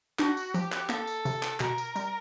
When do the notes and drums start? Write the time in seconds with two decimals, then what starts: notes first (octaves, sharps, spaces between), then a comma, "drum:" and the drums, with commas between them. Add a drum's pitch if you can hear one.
0.19 D4 F#4, drum: clap
0.37 drum: tambourine
0.54 F3 G4, drum: tambourine
0.72 drum: clap
0.89 A#3 A4, drum: clap
1.07 drum: tambourine
1.25 C3, drum: tambourine
1.43 drum: clap
1.60 B2 A#4, drum: clap
1.78 drum: tambourine
1.96 G3, drum: tambourine